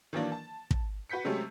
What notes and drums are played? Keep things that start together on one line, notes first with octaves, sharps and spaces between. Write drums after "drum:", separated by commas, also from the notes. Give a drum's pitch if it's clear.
D#3 E3 F#3 A#3 D4
A5
drum: kick
F#4 B4 G6 B6 C#7
C3 F#3 G#3 A3 C#4 G4